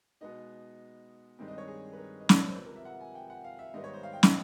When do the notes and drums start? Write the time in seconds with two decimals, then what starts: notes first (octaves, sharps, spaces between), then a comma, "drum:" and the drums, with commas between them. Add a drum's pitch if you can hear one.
0.21 B2 G#3 B3 D#4 D#5
1.39 G2 D#3 G#3 C4
1.48 D#5
1.58 C#5
1.68 G#4
1.93 B4
1.97 A#4
2.20 D#5
2.29 D5, drum: snare
2.38 C#5
2.47 C5
2.56 C3 F3 G#3 B4
2.66 A#4
2.76 E5
2.85 F#5
3.01 G#5
3.15 G5
3.30 F#5
3.44 F5
3.59 E5
3.74 G#2 D#3 G3 B3 D#5
3.84 C#5
3.93 C5
4.03 F5
4.13 G5
4.23 D#5, drum: snare